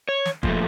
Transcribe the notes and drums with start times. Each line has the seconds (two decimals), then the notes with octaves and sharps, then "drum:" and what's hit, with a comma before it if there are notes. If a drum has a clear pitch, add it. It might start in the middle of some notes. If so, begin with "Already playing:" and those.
0.09 C#5
0.25 drum: snare
0.43 A#2 F3 A3, drum: kick